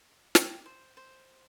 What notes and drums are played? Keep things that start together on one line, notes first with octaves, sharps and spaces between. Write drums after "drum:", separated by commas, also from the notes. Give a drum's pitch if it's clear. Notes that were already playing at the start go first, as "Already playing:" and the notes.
G4, drum: snare
C5
C5